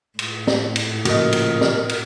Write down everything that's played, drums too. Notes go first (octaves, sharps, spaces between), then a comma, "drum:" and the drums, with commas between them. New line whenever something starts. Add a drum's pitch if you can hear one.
A2, drum: cymbal
drum: snare
drum: cymbal
A#2 C#3 F3 F#4 A#4 D#5, drum: cymbal
drum: cymbal
drum: snare
drum: cymbal